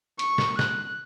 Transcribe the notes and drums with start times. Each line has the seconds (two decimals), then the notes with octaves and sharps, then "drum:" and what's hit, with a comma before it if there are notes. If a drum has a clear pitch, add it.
0.19 C#6, drum: hi-hat
0.38 drum: snare
0.59 F#6, drum: snare